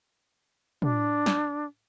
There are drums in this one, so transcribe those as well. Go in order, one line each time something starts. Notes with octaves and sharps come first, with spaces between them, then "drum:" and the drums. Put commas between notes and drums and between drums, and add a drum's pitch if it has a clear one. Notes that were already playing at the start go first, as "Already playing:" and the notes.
D4, drum: tom
drum: snare